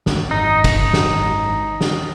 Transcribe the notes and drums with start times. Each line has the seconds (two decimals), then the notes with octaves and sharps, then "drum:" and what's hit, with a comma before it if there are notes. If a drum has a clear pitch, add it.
0.06 G#1 A3 C4, drum: snare
0.31 G#1 F#2 D#4
0.64 drum: kick, cymbal
0.93 drum: snare
1.81 drum: snare